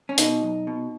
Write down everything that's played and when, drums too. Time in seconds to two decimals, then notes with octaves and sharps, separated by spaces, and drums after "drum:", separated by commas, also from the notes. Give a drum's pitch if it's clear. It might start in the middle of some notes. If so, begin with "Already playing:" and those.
0.09 C#4
0.18 B2 D#4, drum: hi-hat
0.43 B1
0.67 B2